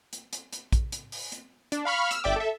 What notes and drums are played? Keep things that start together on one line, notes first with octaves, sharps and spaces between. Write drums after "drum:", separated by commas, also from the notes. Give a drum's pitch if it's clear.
drum: hi-hat
drum: hi-hat
drum: hi-hat
drum: kick, hi-hat
drum: hi-hat
drum: open hi-hat
drum: hi-hat
D4, drum: hi-hat
F5 B5 C#6 F6
E6 F6, drum: hi-hat
G1 D5 E5 G5 D6
A4 E5